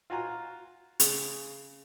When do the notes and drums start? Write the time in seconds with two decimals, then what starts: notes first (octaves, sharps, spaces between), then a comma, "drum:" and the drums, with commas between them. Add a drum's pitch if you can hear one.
0.10 F4 F#4 G#5 A#5
1.00 C#3, drum: hi-hat